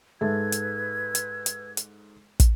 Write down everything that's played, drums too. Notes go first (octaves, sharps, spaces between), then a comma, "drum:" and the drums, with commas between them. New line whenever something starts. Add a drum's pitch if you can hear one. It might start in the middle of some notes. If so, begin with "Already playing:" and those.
G#2 A4 B4 E5 E6 G#6
drum: hi-hat
drum: hi-hat
drum: hi-hat
drum: hi-hat
drum: kick, hi-hat